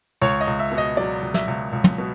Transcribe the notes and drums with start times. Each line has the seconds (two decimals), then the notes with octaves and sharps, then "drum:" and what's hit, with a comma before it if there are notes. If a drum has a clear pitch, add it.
0.22 C#2 C#5, drum: tambourine
0.41 D#5
0.47 C#2
0.59 E5
0.72 B2
0.78 D#5
0.97 F#3 D5
1.23 C#2
1.34 E5, drum: snare
1.48 C#2
1.73 C#2
1.84 drum: tom
1.98 B2